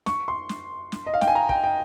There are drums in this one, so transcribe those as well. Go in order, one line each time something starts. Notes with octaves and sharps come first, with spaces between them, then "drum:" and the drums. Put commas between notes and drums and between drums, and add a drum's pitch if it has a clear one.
C#6, drum: snare
C6
drum: snare
drum: snare
D#5
F5
G5, drum: snare
G#5
A#5
G5, drum: kick
G5